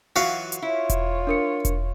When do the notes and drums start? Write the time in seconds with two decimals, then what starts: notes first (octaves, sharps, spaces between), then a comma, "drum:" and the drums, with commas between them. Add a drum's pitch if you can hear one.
0.16 E3 F#3 F4 F#4 F5
0.52 drum: hi-hat
0.62 E4 F4 C#5
0.90 drum: kick E1, hi-hat
1.27 D4 A#4 C#7
1.65 drum: kick E1, hi-hat